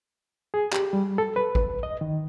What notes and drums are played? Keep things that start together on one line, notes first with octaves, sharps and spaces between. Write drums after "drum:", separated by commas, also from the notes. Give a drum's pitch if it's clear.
G#4
G4, drum: clap
G3
A4
B4
drum: kick G#1
D#5
D#3